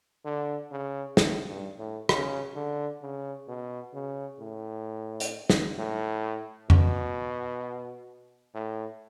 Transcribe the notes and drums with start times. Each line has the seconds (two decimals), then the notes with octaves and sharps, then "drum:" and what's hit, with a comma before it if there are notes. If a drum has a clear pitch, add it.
0.25 D3
0.71 C#3
1.17 A2, drum: snare
1.48 G2
1.78 A2
2.09 C#3, drum: rim click
2.55 D3
3.02 C#3
3.48 B2
3.94 C#3
4.40 A2
5.20 drum: hi-hat
5.50 drum: snare
5.78 A2
6.70 B2, drum: tom F2
8.54 A2